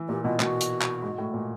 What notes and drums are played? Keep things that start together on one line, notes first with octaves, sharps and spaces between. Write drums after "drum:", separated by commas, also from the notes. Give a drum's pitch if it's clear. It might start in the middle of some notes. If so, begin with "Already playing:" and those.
Already playing: E3
A#2 G4
B2 F4
B2 F#4, drum: clap
drum: hi-hat
drum: clap
G#2
A2
A#2